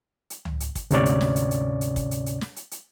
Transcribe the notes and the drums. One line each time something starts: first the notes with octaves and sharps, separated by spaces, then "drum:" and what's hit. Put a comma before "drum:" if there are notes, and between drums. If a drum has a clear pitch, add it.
drum: hi-hat
drum: tom C#2
drum: hi-hat
drum: kick, hi-hat
D2 G#2 C3 C#4 C#5 D5, drum: hi-hat
drum: hi-hat
drum: snare
drum: hi-hat
drum: hi-hat
drum: hi-hat
drum: kick, hi-hat
drum: hi-hat
drum: hi-hat
drum: snare
drum: hi-hat
drum: hi-hat